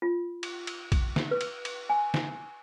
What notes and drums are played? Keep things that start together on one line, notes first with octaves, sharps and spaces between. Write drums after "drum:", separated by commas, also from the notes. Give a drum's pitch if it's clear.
F4
drum: cymbal
drum: cymbal
drum: kick A#1, cymbal
drum: snare
B4
drum: cymbal
drum: cymbal
G#5
drum: snare